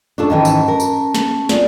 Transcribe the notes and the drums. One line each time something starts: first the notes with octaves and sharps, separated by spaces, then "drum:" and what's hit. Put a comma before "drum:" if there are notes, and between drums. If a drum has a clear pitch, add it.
C#4 D4 F4 A4 A5 C#6
G#2 D#3 E3
drum: tambourine
A#4
drum: tambourine
drum: snare
C4 F4 G#4 D5, drum: snare